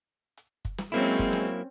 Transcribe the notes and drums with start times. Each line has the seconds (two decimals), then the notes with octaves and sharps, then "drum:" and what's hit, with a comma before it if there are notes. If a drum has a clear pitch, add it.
0.37 drum: hi-hat
0.65 drum: kick, hi-hat
0.78 drum: snare
0.92 F#3 G#3 A#3 C4 C#4 E4, drum: hi-hat
1.19 drum: kick, hi-hat
1.33 drum: snare
1.47 drum: hi-hat